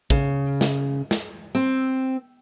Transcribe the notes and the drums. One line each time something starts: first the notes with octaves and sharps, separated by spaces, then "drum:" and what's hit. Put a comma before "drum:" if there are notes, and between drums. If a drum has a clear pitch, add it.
C#3, drum: kick
drum: snare
drum: snare
C4